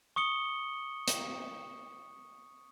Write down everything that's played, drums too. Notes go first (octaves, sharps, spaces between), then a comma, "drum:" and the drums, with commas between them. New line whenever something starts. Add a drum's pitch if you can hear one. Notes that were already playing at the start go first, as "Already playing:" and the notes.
C#6 D#6 C#7 G7
drum: hi-hat